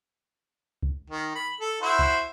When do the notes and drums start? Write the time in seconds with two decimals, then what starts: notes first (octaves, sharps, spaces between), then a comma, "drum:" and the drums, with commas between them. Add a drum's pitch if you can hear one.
0.83 drum: kick C2
1.10 D#3
1.35 B5
1.60 A4
1.82 E4 F#4 C5
1.99 drum: kick C2